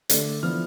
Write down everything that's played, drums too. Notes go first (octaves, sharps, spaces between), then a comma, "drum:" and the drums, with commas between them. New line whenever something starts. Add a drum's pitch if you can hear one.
D3 A3 D4, drum: hi-hat
F3 B3 E4 F6